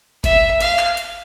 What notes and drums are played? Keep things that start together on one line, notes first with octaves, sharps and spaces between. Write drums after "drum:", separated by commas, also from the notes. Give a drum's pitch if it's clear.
E5, drum: kick G1, hi-hat
F5, drum: hi-hat
drum: clap
drum: hi-hat